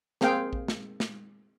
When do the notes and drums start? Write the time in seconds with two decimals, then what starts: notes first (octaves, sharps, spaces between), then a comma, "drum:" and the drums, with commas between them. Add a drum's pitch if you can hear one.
0.21 A#3 C4 G#4 F5 G5, drum: snare
0.53 drum: kick A1
0.68 drum: snare
1.00 drum: snare